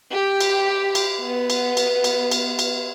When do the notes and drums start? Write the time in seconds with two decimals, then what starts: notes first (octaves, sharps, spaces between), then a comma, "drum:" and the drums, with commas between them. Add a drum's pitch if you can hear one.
0.12 G4
0.41 drum: cymbal
0.95 drum: cymbal
1.22 B3
1.50 drum: cymbal
1.77 drum: cymbal
2.04 drum: cymbal
2.31 drum: cymbal
2.59 drum: cymbal